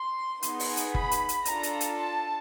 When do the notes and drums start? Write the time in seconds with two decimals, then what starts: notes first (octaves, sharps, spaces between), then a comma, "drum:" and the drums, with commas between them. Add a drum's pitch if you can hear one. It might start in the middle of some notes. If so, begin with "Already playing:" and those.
Already playing: C6
0.43 B3 D#4 G#4, drum: hi-hat
0.60 drum: open hi-hat
0.77 drum: hi-hat
0.95 B5, drum: kick F#1
1.11 drum: hi-hat
1.29 drum: hi-hat
1.45 D4 F4 A4 A#5, drum: hi-hat
1.63 drum: hi-hat
1.81 drum: hi-hat
1.97 A5